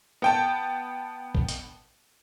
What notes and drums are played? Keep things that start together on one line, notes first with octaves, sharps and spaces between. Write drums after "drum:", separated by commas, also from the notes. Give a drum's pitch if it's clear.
B3 G5 A5
drum: kick
drum: hi-hat